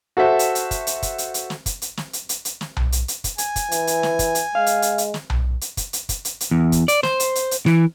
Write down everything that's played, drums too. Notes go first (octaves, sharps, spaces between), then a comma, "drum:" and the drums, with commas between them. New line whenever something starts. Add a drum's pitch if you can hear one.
F#4 A4 C5 E5
drum: hi-hat
drum: hi-hat
drum: kick, hi-hat
drum: hi-hat
drum: kick, hi-hat
drum: hi-hat
drum: hi-hat
drum: snare
drum: kick, hi-hat
drum: hi-hat
drum: snare
drum: hi-hat
drum: hi-hat
drum: hi-hat
drum: snare
drum: tom B1
drum: hi-hat
drum: hi-hat
drum: kick, hi-hat
G#5, drum: hi-hat
drum: kick, hi-hat
E3, drum: hi-hat
drum: hi-hat
drum: snare
drum: kick, hi-hat
drum: hi-hat
G#3 F5
drum: hi-hat
drum: hi-hat
drum: hi-hat
drum: snare
drum: tom B1
drum: hi-hat
drum: kick, hi-hat
drum: hi-hat
drum: kick, hi-hat
drum: hi-hat
drum: hi-hat
E2
drum: kick, hi-hat
D5, drum: hi-hat
C5, drum: snare
drum: hi-hat
drum: hi-hat
drum: hi-hat
E3, drum: snare